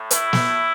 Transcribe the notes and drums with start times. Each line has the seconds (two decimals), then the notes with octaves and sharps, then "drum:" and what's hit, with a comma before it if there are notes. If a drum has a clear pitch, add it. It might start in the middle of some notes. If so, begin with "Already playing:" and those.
Already playing: A2 A3
0.11 E4, drum: hi-hat
0.33 drum: snare